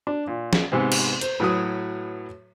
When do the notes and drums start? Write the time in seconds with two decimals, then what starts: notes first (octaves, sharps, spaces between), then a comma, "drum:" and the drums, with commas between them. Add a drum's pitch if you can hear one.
0.07 D4
0.27 A#2
0.53 drum: snare
0.72 G#2 C3 B3 C4
0.92 drum: cymbal
1.21 C5, drum: hi-hat
1.40 A2 F#3 B4 D#6